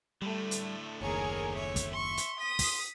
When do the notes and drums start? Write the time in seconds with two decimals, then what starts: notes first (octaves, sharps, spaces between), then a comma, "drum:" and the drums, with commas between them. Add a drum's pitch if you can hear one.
0.22 A2 D3 G3 A3
0.51 drum: hi-hat
1.01 F#1 D#2 G#4 A#4 C#5
1.55 C#5 E5
1.76 drum: kick, hi-hat
1.93 C6 C#6
2.17 drum: hi-hat
2.40 D#6 B6
2.59 drum: kick, open hi-hat